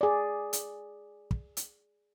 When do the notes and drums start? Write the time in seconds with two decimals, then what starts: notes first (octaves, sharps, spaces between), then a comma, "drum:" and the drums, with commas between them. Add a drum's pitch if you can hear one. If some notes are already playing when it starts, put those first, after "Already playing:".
0.01 G#4 D5
0.53 drum: hi-hat
1.31 drum: kick
1.57 drum: hi-hat